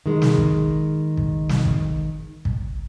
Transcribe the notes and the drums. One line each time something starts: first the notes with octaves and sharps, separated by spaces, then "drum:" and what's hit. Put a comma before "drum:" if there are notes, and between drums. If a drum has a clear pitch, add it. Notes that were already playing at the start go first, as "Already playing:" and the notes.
D#3 G#3
drum: snare
drum: kick
drum: kick
drum: snare
drum: kick
drum: kick